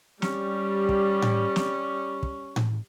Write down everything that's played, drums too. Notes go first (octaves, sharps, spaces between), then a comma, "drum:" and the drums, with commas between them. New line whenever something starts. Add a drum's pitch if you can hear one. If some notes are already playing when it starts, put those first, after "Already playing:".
G3 C#4, drum: snare
drum: kick
drum: tom A2
drum: snare
drum: kick
drum: tom A2